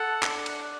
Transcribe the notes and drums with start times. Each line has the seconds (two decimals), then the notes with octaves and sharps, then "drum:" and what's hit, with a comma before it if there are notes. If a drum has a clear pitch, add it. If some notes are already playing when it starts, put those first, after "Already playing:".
Already playing: A4 F#5
0.23 D4, drum: clap
0.46 drum: cymbal